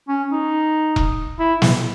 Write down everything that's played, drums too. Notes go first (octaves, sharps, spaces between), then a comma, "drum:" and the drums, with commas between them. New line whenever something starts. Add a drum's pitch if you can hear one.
C#4
D#4
drum: kick E1
E4
drum: snare